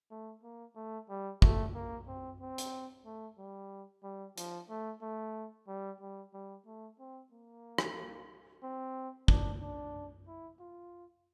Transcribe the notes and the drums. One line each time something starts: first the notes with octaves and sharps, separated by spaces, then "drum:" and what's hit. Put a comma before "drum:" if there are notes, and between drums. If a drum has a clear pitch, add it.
A3
A#3
A3
G3
A3, drum: kick
A#3
C4
C4
drum: hi-hat
A3
G3
G3
F3, drum: hi-hat
A3
A3
G3
G3
G3
A3
C4
A#3
drum: rim click
C4
D4, drum: kick
D4
E4
F4